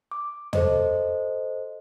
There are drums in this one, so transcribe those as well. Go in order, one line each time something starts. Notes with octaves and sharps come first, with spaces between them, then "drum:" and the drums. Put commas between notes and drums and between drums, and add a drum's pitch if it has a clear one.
D6
A4 C5 D#5, drum: tom E2